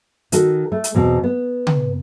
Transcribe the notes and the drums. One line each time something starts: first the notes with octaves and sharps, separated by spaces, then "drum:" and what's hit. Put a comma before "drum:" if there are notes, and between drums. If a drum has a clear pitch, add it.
D#3 F#4 A4, drum: hi-hat
A3
drum: hi-hat
E2 B2 C4
B3
drum: tom C#3